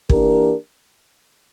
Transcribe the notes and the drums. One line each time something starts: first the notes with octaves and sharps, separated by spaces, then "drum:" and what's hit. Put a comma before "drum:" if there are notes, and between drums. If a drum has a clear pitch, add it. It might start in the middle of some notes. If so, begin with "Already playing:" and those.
E3 A#3 D4 G4 A#4, drum: kick